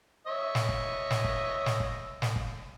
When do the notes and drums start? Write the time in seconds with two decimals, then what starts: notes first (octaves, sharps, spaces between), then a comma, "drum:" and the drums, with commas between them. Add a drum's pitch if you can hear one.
0.27 C#5 D#5 E5
0.55 drum: snare
0.69 drum: kick
1.10 drum: snare
1.24 drum: kick
1.66 drum: snare
1.80 drum: kick
2.22 drum: snare
2.36 drum: kick